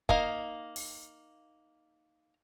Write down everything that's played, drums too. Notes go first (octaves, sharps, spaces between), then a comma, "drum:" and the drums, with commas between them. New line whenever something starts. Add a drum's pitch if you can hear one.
A#3 D#4 D#5 F5, drum: kick
drum: open hi-hat